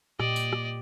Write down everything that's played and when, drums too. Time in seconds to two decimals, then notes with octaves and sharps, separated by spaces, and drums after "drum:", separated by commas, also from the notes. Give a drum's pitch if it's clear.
0.20 A#2 G4 D5 D#5, drum: rim click
0.36 drum: tambourine
0.53 drum: rim click